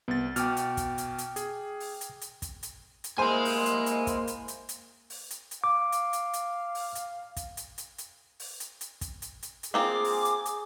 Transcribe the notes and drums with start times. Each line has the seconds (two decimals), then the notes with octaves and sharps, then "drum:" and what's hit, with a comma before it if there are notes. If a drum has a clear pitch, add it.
0.08 C2 B3 A6
0.36 B2 G5 D6 F6, drum: hi-hat
0.57 drum: hi-hat
0.77 drum: kick, hi-hat
0.98 drum: hi-hat
1.18 drum: hi-hat
1.36 G#4, drum: hi-hat
1.80 drum: open hi-hat
2.01 drum: hi-hat
2.21 drum: hi-hat
2.42 drum: kick, hi-hat
2.63 drum: hi-hat
3.04 drum: hi-hat
3.18 G#3 A#3 E4 G#4 C5 G#5 C6 F6
3.45 drum: open hi-hat
3.66 drum: hi-hat
3.86 drum: hi-hat
4.07 drum: kick, hi-hat
4.27 drum: hi-hat
4.48 drum: hi-hat
4.69 drum: hi-hat
5.10 drum: open hi-hat
5.30 drum: hi-hat
5.51 drum: hi-hat
5.64 F5 D6
5.92 drum: hi-hat
6.13 drum: hi-hat
6.34 drum: hi-hat
6.75 drum: open hi-hat
6.95 drum: hi-hat
7.37 drum: kick, hi-hat
7.57 drum: hi-hat
7.78 drum: hi-hat
7.98 drum: hi-hat
8.40 drum: open hi-hat
8.60 drum: hi-hat
8.81 drum: hi-hat
9.01 drum: kick, hi-hat
9.22 drum: hi-hat
9.43 drum: hi-hat
9.63 drum: hi-hat
9.74 A#3 C4 F4 G#4 D6
10.04 drum: open hi-hat
10.25 drum: hi-hat
10.46 drum: hi-hat